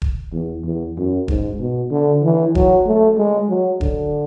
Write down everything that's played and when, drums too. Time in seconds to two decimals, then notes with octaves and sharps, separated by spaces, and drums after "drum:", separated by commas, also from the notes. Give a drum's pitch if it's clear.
0.02 drum: kick E1
0.33 E2
0.64 E2
0.97 F#2
1.28 G#2, drum: kick E1
1.60 B2
1.91 D3
2.23 E3
2.55 F#3, drum: kick E1
2.86 A3
3.18 G#3
3.49 F#3
3.81 D3, drum: kick E1